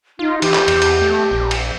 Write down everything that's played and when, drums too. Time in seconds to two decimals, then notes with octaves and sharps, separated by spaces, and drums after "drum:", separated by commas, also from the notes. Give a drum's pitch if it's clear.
0.19 D#4 F4
0.42 E3 G4, drum: cymbal
0.54 drum: clap
0.68 E2, drum: cymbal
0.82 drum: cymbal
1.02 A3
1.31 A#1
1.51 drum: cymbal